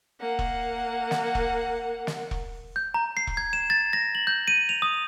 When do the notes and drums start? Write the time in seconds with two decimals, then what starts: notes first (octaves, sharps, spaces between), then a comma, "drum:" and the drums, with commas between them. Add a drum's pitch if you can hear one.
0.21 A#3 F#5
0.39 drum: kick E1
1.11 drum: snare
1.35 drum: kick E1
2.07 drum: snare
2.31 drum: kick E1
2.76 G6
2.94 A#5
3.17 C7
3.27 drum: kick E1
3.37 G#6
3.53 E7
3.70 A6
3.93 A#6
4.15 F#7
4.27 G6
4.48 D#7
4.69 F7
4.82 D#6